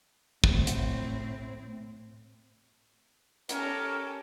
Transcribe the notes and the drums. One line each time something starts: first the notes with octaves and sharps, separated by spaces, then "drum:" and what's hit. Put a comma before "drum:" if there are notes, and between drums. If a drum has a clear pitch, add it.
A2 C4, drum: kick
drum: hi-hat
C#4 G4 A4 A#4, drum: hi-hat